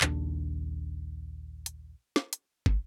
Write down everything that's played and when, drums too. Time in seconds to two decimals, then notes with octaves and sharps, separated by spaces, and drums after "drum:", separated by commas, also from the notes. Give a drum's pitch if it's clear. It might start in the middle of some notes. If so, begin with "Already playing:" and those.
0.01 A#1 D#2 D4, drum: clap
1.66 drum: hi-hat
2.16 drum: snare
2.33 drum: hi-hat
2.66 drum: kick